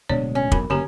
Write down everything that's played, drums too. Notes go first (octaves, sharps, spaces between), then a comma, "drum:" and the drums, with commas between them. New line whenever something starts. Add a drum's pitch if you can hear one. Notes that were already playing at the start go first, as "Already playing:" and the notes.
D1 B2 G#3 D4 C#5 D5
C#4
B1 E2 F#4 A#4 B5, drum: kick
F#1 D3 A#3 C#4 G4 A#5